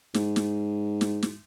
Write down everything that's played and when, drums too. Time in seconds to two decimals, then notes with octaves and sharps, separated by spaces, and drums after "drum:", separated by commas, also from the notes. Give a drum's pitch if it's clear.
0.14 G#2, drum: snare
0.36 drum: snare
1.01 drum: snare
1.23 drum: snare